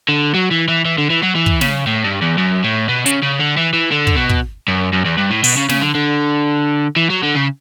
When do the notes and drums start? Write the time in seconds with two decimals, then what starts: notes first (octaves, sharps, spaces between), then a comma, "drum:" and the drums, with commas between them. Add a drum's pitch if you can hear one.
0.09 D3
0.34 F#3
0.51 E3
0.68 E3
0.85 E3
0.98 D3
1.10 E3
1.23 F#3
1.36 E3
1.46 drum: kick
1.61 C#3, drum: snare
1.87 A2
2.04 G2
2.21 E2
2.38 F#2
2.64 A2
2.89 B2
3.06 C#3, drum: hi-hat
3.23 C#3
3.40 D3
3.57 E3
3.73 E3
3.91 D3
4.07 drum: kick
4.16 B2
4.29 drum: kick
4.68 F#2
4.93 F#2
5.05 E2
5.18 G2
5.31 A2
5.44 B2, drum: open hi-hat
5.57 C#3
5.69 C#3, drum: snare
5.81 D3
5.95 D3
6.96 E3
7.10 F#3
7.23 D3
7.35 C#3